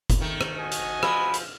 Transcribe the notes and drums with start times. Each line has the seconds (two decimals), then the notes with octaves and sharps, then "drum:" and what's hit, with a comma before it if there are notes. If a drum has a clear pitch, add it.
0.10 drum: kick F#1, hi-hat
0.21 D#3 A3
0.41 drum: rim click
0.57 F#4 D#5 G#5
0.72 drum: hi-hat
1.03 F3 B5, drum: rim click
1.34 drum: hi-hat